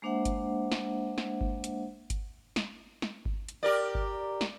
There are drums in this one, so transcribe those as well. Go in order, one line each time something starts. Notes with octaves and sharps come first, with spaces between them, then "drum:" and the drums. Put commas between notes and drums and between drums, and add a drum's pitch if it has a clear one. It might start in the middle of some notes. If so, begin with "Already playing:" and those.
G#3 A#3 D4 C5 E5 F#5
drum: kick G1, hi-hat
drum: snare
drum: snare
drum: kick G1
drum: hi-hat
drum: kick G1, hi-hat
drum: snare
drum: snare
drum: kick G1
drum: hi-hat
G4 A#4 D5
drum: kick G1
drum: snare